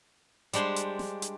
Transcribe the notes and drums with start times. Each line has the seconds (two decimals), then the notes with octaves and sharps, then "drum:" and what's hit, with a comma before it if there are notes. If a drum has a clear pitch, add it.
0.53 G3 G#3 D4 C5, drum: hi-hat
0.76 drum: hi-hat
0.99 drum: snare
1.22 drum: hi-hat